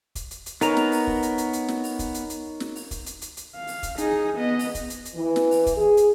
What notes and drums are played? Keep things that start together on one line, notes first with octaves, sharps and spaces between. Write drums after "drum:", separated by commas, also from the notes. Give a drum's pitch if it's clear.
drum: kick, hi-hat
drum: hi-hat
drum: hi-hat
B3 D#4 A#4 C#5 G#5 A#5, drum: hi-hat
drum: snare
drum: open hi-hat
drum: kick
drum: hi-hat
drum: hi-hat
drum: hi-hat
drum: snare
drum: open hi-hat
drum: kick, hi-hat
drum: hi-hat
drum: hi-hat
drum: snare
drum: open hi-hat
drum: kick, hi-hat
drum: hi-hat
drum: hi-hat
drum: hi-hat
F5
drum: open hi-hat
drum: kick, hi-hat
D#4 G#4, drum: hi-hat
B3 D#5
drum: open hi-hat
drum: kick, hi-hat
drum: hi-hat
drum: hi-hat
E3
drum: snare
drum: open hi-hat
drum: kick, hi-hat
G#4
drum: hi-hat